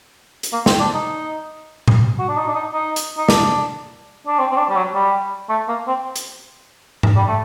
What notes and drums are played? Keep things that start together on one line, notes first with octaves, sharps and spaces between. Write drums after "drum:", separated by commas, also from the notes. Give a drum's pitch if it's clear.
drum: hi-hat
A#3
C4, drum: snare
D4
D#4
drum: tom A2
F#4
D4
D#4
D4
D#4
D#4
drum: hi-hat
D#4
D4, drum: snare
D4
C4
C4
D4
G3
F#3
G3
A3
A#3
C4
drum: hi-hat
drum: tom G#2
G3
A3